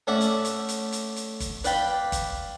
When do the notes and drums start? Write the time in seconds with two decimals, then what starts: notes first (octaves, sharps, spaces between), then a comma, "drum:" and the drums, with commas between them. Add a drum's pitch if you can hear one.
0.07 A3 C#4 D5 E5 F#5
0.21 drum: hi-hat
0.45 drum: hi-hat
0.69 drum: hi-hat
0.93 drum: hi-hat
1.16 drum: hi-hat
1.40 drum: kick G1, hi-hat
1.64 B4 D5 F5 G5 B5, drum: hi-hat
2.12 drum: kick G1, hi-hat